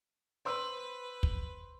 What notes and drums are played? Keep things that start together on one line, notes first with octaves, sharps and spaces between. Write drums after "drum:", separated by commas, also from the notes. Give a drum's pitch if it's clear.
B4 C5 C6 E6
B4
drum: kick